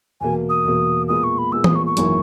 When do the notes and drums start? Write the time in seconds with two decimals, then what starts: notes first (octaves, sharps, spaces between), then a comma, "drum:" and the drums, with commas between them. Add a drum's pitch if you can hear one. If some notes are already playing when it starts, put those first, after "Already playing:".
0.21 E2 B2 A#3 G#5
0.50 D#6
0.65 E2 B2 A#3
1.08 A#2 G#3 B3 D#6
1.24 C#6
1.38 B5
1.52 A#2 G#3 B3 E6
1.64 D#6, drum: tom E3
1.75 C#6
1.87 C#6
1.97 G#1 F#2 E3 A#3 E4, drum: hi-hat